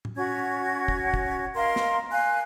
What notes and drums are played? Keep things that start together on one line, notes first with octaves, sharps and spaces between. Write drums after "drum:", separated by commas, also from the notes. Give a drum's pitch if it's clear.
drum: tom
C#4 F#4 G#6
drum: kick
drum: kick
A#4 D#5 F5 C6
drum: snare
F5 G#5 F#6